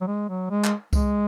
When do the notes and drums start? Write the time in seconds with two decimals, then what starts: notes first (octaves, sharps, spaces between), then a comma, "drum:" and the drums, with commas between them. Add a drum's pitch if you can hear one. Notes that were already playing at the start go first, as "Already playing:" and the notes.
0.01 F#3
0.07 G#3
0.29 F#3
0.50 G#3
0.64 drum: clap
0.93 G#3, drum: kick C2, tambourine